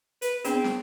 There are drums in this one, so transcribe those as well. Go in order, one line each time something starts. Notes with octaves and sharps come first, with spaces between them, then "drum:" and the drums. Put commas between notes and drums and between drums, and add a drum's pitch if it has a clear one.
B4, drum: hi-hat
B3 C4 D4 G#4, drum: hi-hat
drum: snare